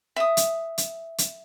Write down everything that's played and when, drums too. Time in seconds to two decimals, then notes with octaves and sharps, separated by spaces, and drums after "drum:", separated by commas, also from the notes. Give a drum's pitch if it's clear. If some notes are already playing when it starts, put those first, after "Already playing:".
0.16 E5 D#6
0.37 drum: hi-hat
0.78 drum: hi-hat
1.18 drum: hi-hat